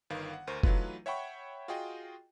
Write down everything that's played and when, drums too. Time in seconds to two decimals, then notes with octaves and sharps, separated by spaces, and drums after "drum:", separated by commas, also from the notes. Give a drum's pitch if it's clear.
0.10 G1 D#3 B4 F5
0.33 F#5
0.47 D2 A#4 C5 C#6 D#7
0.63 E3 F#3 A3 D#4 F4 B4, drum: kick
1.06 C#5 E5 F#5 G5 B5 C#6
1.68 F4 F#4 G#4 D#5 G5